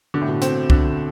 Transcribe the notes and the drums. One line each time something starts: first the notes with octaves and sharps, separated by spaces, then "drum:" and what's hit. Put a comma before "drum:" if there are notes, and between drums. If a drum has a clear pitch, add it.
B2 D3
A2
B2
C4, drum: hi-hat
D3, drum: kick C2